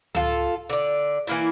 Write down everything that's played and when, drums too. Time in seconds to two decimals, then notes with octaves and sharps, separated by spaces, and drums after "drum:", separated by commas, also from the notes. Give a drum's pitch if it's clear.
0.15 F4 A4, drum: tom C#2
0.70 D3 D5
1.27 E3 A#3 E4